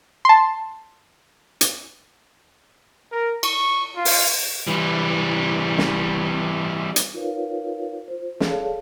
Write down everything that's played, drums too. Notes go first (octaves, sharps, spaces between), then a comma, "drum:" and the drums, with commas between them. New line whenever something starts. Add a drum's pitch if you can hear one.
A5 C6
drum: hi-hat
A#4
C#6, drum: cymbal
F4
drum: open hi-hat
E3 G3
drum: snare
drum: hi-hat
D#4 F4 A#4 B4 C#5 F5
F4 C5
G#4 A4 C#5 D5 F5 A5, drum: snare